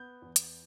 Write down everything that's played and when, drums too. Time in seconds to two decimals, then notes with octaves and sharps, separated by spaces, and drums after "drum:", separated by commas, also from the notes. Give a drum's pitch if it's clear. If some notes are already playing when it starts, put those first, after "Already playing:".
Already playing: B3 G6
0.22 E2
0.36 drum: hi-hat